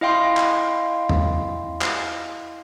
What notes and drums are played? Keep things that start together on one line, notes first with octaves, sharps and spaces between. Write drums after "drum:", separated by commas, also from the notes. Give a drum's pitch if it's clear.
E4 D#5 F5 G5 C6
drum: clap
drum: tom E2
drum: clap